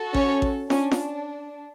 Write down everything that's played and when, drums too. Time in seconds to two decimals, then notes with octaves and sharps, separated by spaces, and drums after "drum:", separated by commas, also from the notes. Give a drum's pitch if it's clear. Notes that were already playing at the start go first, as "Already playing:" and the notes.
Already playing: F#4 A4
0.14 C#4 C#5, drum: kick A1
0.42 drum: kick A1
0.70 C#4 D4, drum: snare
0.91 drum: snare